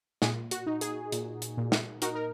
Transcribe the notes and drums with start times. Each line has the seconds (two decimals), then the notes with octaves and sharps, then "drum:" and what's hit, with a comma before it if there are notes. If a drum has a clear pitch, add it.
0.22 A#2 G#4, drum: snare
0.51 F#4, drum: hi-hat
0.67 D#4
0.81 G#4, drum: hi-hat
1.12 A#2, drum: hi-hat
1.42 drum: hi-hat
1.58 A#2
1.72 drum: snare
2.02 D#4 F#4 A#4, drum: hi-hat
2.15 A#4